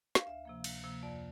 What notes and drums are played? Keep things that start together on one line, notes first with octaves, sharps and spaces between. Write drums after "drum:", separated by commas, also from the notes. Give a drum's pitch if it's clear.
F5, drum: snare
D2 E5
C3 F3 A#3
D2, drum: cymbal
C3 F3 A#3
F2 D5